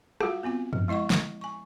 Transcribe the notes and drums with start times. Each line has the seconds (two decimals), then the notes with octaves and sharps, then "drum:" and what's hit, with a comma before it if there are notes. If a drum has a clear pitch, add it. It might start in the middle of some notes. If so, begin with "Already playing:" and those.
0.21 G3 F4 F#4 F#5, drum: rim click
0.43 B3 C4 F4 G#5
0.73 F3, drum: tom F#2
0.88 G#3 E4 D#5 F#5 C#6
1.10 drum: snare
1.41 G#5 C#6